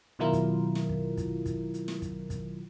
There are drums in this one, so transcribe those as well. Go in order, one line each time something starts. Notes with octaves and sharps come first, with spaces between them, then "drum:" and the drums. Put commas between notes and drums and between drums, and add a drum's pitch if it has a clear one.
B2 D#3 F#3 E4 F4 A#4
drum: kick, hi-hat
drum: snare
drum: kick
drum: kick, hi-hat
drum: kick, hi-hat
drum: hi-hat
drum: snare
drum: kick, hi-hat
drum: kick, hi-hat